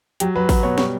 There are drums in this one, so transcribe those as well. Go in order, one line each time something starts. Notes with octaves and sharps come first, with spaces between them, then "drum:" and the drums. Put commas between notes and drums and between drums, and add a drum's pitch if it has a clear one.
F#3 G4, drum: hi-hat
F#3 B4
F#3 B4, drum: kick, open hi-hat
B2 C#5
G3 C#5, drum: snare